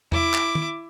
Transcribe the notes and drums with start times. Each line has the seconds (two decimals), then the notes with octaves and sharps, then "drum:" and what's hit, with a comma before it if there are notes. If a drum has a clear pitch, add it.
0.12 E4 D6, drum: tom E2
0.34 drum: clap
0.55 drum: tom